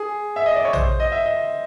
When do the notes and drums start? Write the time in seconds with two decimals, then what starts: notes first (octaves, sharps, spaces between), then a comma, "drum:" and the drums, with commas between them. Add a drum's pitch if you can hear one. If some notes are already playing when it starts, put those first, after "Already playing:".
Already playing: G#4
0.36 E5
0.46 D#5
0.56 D5
0.65 C#5
0.73 C5, drum: tom A#1
1.00 D#5
1.12 E5
1.26 D#5